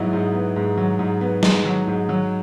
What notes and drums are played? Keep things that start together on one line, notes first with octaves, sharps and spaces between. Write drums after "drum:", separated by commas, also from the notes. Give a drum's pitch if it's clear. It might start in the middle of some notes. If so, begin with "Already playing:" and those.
Already playing: G#2 F#3 B3 D#4 E4
G#2
B3
G#2
F#3
G#2
B3
G#2 D#4, drum: snare
F#3
G#2
F#3